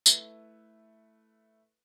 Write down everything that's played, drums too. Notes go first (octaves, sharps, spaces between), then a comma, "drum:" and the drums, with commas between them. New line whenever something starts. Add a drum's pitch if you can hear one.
A3 E4 B4, drum: tambourine